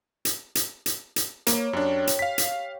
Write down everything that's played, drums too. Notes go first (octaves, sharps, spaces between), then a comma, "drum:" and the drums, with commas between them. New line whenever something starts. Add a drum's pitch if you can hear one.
drum: hi-hat
drum: hi-hat
drum: hi-hat
drum: hi-hat
A#3 C#5 B5, drum: hi-hat
F#2 D4 G4 C#5
drum: hi-hat
F5 B6
drum: hi-hat